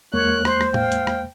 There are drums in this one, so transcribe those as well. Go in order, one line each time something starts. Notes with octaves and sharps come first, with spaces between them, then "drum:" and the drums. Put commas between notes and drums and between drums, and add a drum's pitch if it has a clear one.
E2 G#3 A#3 A#4 C#5 F#6
C5 C6, drum: rim click
drum: rim click
F5 G5, drum: tom A2
drum: hi-hat
drum: rim click